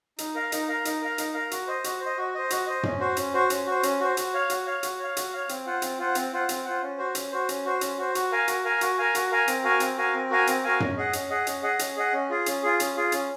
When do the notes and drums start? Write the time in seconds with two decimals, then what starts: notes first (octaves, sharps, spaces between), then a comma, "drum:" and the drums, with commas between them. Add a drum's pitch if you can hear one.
0.18 D#4, drum: hi-hat
0.35 A#4 F5
0.52 D#4, drum: hi-hat
0.68 A#4 F5
0.85 D#4, drum: hi-hat
1.02 A#4 F5
1.18 D#4, drum: hi-hat
1.34 A#4 F5
1.51 F#4, drum: hi-hat
1.67 C5 D#5
1.84 F#4, drum: hi-hat
2.01 C5
2.06 D#5
2.17 F#4
2.34 C5 D#5
2.50 F#4, drum: hi-hat
2.67 C5 D#5
2.83 C#4, drum: tom
3.00 F#4 C5
3.17 C#4, drum: hi-hat
3.34 F#4 C5
3.50 C#4, drum: hi-hat
3.66 F#4 C5
3.83 C#4, drum: hi-hat
4.00 F#4 C5
4.17 F#4, drum: hi-hat
4.34 C#5 F5
4.50 F#4, drum: hi-hat
4.66 C#5 F5
4.83 F#4, drum: hi-hat
4.99 C#5 F5
5.17 F#4, drum: hi-hat
5.33 C#5 F5
5.49 C4, drum: hi-hat
5.66 F4 C5 F#5
5.82 C4, drum: hi-hat
5.99 F4 C5 F#5
6.15 C4, drum: hi-hat
6.33 F4 C5 F#5
6.49 C4, drum: hi-hat
6.65 F4 C5 F#5
6.82 C#4
6.98 F#4 C5
7.15 C#4, drum: hi-hat
7.31 F#4 C5
7.49 C#4, drum: hi-hat
7.65 F#4 C5
7.81 C#4, drum: hi-hat
7.98 F#4 C5
8.15 F#4, drum: hi-hat
8.32 A#4 F5 G#5
8.48 F#4, drum: hi-hat
8.65 A#4 F5 G#5
8.81 F#4, drum: hi-hat
8.98 A#4 F5 G#5
9.15 F#4, drum: hi-hat
9.31 A#4 F5 G#5
9.48 C4, drum: hi-hat
9.64 F#4 A#4 F5 G#5
9.80 C4, drum: hi-hat
9.97 F#4 A#4 F5 G#5
10.14 C4
10.30 F#4 A#4 F5 G#5
10.47 C4, drum: hi-hat
10.64 F#4 A#4 F5 G#5
10.80 C#4, drum: tom
10.97 G#4 D#5 F#5
11.13 C#4, drum: hi-hat
11.30 G#4 D#5 F#5
11.47 C#4, drum: hi-hat
11.63 G#4 D#5 F#5
11.79 C#4, drum: hi-hat
11.96 G#4 D#5 F#5
12.13 C#4
12.30 F4 G#4
12.46 C#4, drum: hi-hat
12.63 F4 G#4
12.80 C#4, drum: hi-hat
12.97 F4 G#4
13.12 C#4, drum: hi-hat